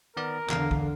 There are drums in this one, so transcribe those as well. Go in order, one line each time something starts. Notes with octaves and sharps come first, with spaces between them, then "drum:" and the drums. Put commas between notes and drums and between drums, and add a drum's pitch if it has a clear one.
D#3 B3 A#4 D5
E2 D3 F5, drum: clap
drum: kick